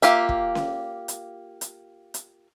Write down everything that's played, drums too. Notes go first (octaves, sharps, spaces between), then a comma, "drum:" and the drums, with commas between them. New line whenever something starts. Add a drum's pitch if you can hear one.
A#3 F4 G4 E5, drum: hi-hat
drum: kick
drum: snare C#4
drum: hi-hat
drum: hi-hat
drum: hi-hat